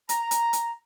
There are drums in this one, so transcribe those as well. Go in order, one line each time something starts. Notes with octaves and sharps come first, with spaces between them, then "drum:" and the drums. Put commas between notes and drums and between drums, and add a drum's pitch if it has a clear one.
A#5, drum: hi-hat
drum: hi-hat
drum: hi-hat